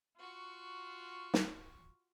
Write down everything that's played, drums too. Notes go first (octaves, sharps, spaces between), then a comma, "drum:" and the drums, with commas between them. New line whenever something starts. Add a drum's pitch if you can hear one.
F4 F#4 C#6
drum: snare